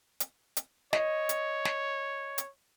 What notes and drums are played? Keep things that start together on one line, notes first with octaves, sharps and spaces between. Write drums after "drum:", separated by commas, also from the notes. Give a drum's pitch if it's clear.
drum: hi-hat
drum: hi-hat
C#5 D#5, drum: snare
drum: hi-hat
drum: snare
drum: hi-hat